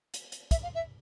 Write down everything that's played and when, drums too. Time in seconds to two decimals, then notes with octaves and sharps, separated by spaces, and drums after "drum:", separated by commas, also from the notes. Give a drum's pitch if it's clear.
0.14 drum: hi-hat
0.32 drum: hi-hat
0.51 E5, drum: kick, hi-hat
0.63 F5
0.75 E5